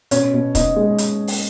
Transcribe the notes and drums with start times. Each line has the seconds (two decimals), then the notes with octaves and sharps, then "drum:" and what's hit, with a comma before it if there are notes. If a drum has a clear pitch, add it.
0.11 B2 C#4, drum: hi-hat
0.33 B2
0.55 B3 D#4, drum: kick, hi-hat
0.76 G#3
0.98 drum: hi-hat
1.27 drum: open hi-hat